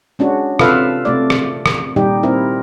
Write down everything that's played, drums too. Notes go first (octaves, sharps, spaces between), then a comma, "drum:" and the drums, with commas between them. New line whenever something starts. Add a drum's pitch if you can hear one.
G#3 C#4 D4 F#4
C3 F4 A4 B4 E5 F5, drum: rim click
C3 A3 D5
drum: rim click
drum: rim click
A#2 D#3 G3 D#4 G4
C4 E4 A#4